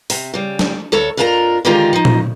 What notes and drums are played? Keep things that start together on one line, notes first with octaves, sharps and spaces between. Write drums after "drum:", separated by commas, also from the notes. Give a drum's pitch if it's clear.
C3, drum: open hi-hat
C#3 G3
drum: snare
D2 A4 C#5
F2 D4 F4 A#4 A5 A#5
D3 D#3 G#3 D#4 F4 G4
F3 D#4
drum: tom A#2